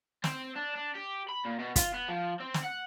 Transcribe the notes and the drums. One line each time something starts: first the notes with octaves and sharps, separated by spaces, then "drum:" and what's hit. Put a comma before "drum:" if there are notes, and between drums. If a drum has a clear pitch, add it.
C4, drum: snare
D4
D4
G4
B5
A#2
B2
F4, drum: kick, hi-hat
B3
F3
C4
drum: snare
F#5